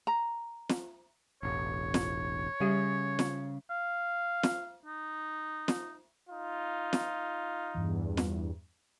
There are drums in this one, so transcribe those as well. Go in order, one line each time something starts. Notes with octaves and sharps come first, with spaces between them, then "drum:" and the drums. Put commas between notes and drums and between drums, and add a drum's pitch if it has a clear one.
A#5
drum: snare
E1 A1 C#5
drum: snare
C#3 G3 G4 E5
drum: snare
F5
drum: snare
D#4
drum: snare
D#4 F4
drum: snare
E2 G2
drum: snare